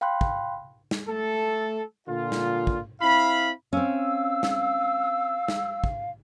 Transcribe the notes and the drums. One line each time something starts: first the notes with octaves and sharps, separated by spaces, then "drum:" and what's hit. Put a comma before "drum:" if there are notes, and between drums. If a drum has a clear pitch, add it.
F5 G5 B5 C6 F#6
drum: kick
drum: snare
A3 A4
A#2 D3 F4
drum: snare
drum: kick
C4 E4 F5 B5
C4 C#4 F5 E6
drum: snare
drum: snare
drum: kick